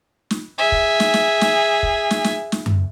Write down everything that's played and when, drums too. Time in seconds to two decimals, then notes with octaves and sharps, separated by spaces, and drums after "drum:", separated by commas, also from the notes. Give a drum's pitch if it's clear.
0.31 drum: snare
0.58 G#4 E5
0.72 drum: kick
1.00 drum: snare
1.14 drum: snare
1.41 drum: snare
1.83 drum: kick
2.11 drum: snare
2.24 drum: snare
2.52 drum: snare
2.66 drum: tom F#2